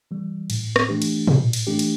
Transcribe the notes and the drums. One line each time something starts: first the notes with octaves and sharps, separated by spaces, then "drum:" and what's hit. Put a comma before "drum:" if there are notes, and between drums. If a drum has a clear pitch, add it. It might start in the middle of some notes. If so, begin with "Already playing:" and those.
E3 G3
A2, drum: cymbal
drum: rim click
E3 A3 D4 G4
drum: cymbal
A2, drum: tom
drum: cymbal
E3 A3 D4 G4
drum: cymbal